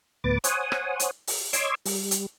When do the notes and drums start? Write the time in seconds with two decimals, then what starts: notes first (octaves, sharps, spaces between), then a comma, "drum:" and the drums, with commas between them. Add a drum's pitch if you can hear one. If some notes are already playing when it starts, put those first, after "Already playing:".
0.24 D2 A2 B3 B4 D6 A6
0.44 C5 C#5 F#5 G#5 D#6, drum: hi-hat
0.72 drum: rim click
1.00 drum: hi-hat
1.27 drum: open hi-hat
1.53 C#5 D#5 C6 D6 E6 G#6, drum: hi-hat
1.85 G3, drum: open hi-hat
2.11 drum: hi-hat